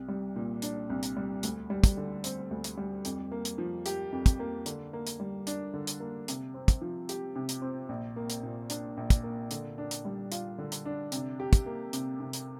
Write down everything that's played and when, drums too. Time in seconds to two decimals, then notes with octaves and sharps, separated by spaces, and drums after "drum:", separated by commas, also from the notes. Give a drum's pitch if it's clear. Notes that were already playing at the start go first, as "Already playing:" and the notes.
Already playing: C2
0.08 G3
0.36 A#2
0.62 D4, drum: hi-hat
0.90 C2
1.03 drum: hi-hat
1.16 G3
1.43 D2, drum: hi-hat
1.70 G3
1.84 drum: kick, hi-hat
1.97 D3
2.24 C4, drum: hi-hat
2.51 D2
2.64 drum: hi-hat
2.77 G3
3.05 F2, drum: hi-hat
3.32 A#3
3.45 drum: hi-hat
3.58 F3
3.86 G4, drum: hi-hat
4.12 F2
4.26 drum: kick, hi-hat
4.39 A#3
4.66 D3, drum: hi-hat
4.93 A#3
5.07 drum: hi-hat
5.20 G3
5.47 D4, drum: hi-hat
5.74 D3
5.87 drum: hi-hat
6.00 A#3
6.28 C3, drum: hi-hat
6.54 C4
6.68 drum: kick, hi-hat
6.82 F3
7.09 G4, drum: hi-hat
7.36 C3
7.49 drum: hi-hat
7.62 C4
7.89 A#1
8.16 A#3
8.30 drum: hi-hat
8.43 A#2
8.70 D4, drum: hi-hat
8.97 A#1
9.10 drum: kick, hi-hat
9.23 A#3
9.51 D3, drum: hi-hat
9.78 D4
9.91 drum: hi-hat
10.05 G3
10.32 F4, drum: hi-hat
10.58 D3
10.72 drum: hi-hat
10.86 D4
11.12 C3, drum: hi-hat
11.40 G4
11.53 drum: kick, hi-hat
11.66 A#3
11.93 C3, drum: hi-hat
12.20 C3
12.33 drum: hi-hat